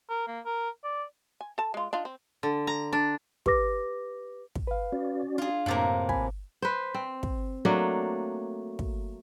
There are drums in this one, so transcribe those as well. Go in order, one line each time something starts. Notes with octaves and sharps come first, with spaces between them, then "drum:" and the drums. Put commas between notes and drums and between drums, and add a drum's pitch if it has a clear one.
A#4
A#3
A#4
D5
G#5
A4 A5
G#3 F4
D4 D#4 F4
C4
D3
A#5
D4
G4 B4 D6 A#6, drum: kick
drum: kick
B4 F5
C#4 F#4 D5
D4 F4 G#4
F#2 A2 C3 A#3
G#5 B5, drum: kick
B4 C5
C4
drum: kick
F#3 A3 A#3 D4
drum: kick